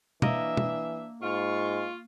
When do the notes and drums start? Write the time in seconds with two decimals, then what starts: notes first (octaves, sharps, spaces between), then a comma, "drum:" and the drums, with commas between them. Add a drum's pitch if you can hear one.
0.22 E3 A#3 D4 D#5 E5, drum: tom
0.57 drum: tom
1.22 G#2 F4 C#6